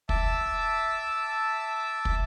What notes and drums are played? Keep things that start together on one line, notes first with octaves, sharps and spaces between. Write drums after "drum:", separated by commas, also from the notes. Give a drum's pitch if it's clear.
E5 A5 D6 E6, drum: kick
drum: kick